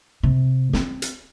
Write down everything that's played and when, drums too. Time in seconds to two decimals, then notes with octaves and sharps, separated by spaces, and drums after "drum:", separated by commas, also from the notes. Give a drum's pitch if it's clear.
0.23 C3
0.73 C4, drum: snare
1.02 drum: hi-hat